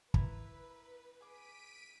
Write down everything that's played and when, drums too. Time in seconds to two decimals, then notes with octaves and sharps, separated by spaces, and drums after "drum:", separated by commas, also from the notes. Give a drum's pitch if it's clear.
0.14 E4 A#4 B4 E5, drum: kick
1.21 G#4 D6 B6 D7 D#7